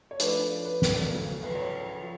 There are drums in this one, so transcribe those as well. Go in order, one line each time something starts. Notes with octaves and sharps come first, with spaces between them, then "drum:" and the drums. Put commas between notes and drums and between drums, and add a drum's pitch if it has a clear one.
C#5
F3 A3 D4 B4 D5, drum: hi-hat
B4
drum: snare
C#3 F#3 A3
B4, drum: cymbal
C#5
F3